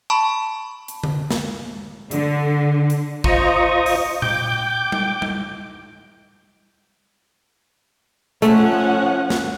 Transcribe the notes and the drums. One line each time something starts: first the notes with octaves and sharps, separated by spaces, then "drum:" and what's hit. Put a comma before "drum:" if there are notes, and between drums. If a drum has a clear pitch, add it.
A5 B5 C#6
drum: hi-hat
drum: tom D3
drum: snare
D3, drum: hi-hat
drum: hi-hat
F4 C5 D#5 A#5 C#6 D#6, drum: kick
drum: open hi-hat
G5 D6 G6, drum: tom A#2
drum: tom G3
drum: tom G3
F3 A3 C#4 F#5, drum: hi-hat
drum: snare